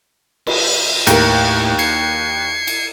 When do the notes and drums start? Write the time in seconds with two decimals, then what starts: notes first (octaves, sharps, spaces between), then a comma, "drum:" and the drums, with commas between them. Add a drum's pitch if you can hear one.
0.47 drum: cymbal
1.07 D#2 A2 A#4, drum: hi-hat
1.79 G#6 C7 C#7, drum: cymbal
2.67 drum: cymbal